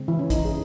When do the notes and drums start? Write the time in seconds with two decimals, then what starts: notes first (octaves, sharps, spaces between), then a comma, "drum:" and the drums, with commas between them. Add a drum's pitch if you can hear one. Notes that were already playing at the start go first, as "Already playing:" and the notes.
Already playing: C#3 G#3 C4
0.08 E3 E4
0.19 C#4
0.30 D#4, drum: kick, hi-hat
0.45 G#4